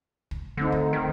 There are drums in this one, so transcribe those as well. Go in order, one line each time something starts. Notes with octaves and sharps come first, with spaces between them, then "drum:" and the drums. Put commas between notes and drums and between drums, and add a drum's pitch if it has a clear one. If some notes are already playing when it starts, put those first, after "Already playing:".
drum: kick
D3 A3 C4 D#4
drum: kick
D#3